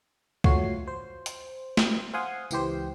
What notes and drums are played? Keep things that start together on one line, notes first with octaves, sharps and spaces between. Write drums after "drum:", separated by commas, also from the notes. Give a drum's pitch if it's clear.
A3 F4 F#4 C#5 C7, drum: kick
C5
drum: hi-hat
drum: snare
C5 F5 F#5 G#5 C6 D#6
C#2 E3 G4 C5, drum: tambourine